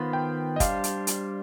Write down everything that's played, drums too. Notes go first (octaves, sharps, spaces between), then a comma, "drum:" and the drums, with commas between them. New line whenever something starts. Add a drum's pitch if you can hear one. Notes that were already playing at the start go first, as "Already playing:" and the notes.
Already playing: D#3 B3 F4 C5 B5
G5
D#5
G3 D4 G4 C5 F5, drum: kick, hi-hat
drum: hi-hat
drum: hi-hat